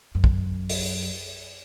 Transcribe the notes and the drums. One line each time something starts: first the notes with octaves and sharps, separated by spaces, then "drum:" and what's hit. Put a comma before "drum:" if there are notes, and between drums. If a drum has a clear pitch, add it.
F#2
drum: kick A#1
drum: open hi-hat